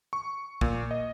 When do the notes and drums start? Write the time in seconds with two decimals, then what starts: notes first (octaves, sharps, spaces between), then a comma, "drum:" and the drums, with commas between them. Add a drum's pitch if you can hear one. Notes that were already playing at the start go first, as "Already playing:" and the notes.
0.13 C#6
0.61 A#2, drum: kick
0.91 D#5